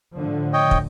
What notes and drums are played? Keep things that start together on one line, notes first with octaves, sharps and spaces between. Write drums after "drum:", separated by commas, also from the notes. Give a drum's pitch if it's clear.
A2 D3 F3
C#5 D#5 G5
drum: kick